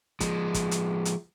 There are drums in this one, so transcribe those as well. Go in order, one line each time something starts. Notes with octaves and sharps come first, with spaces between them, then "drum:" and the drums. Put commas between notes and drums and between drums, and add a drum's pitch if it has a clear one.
F3 G#3, drum: kick, hi-hat
drum: kick, hi-hat
drum: hi-hat
drum: hi-hat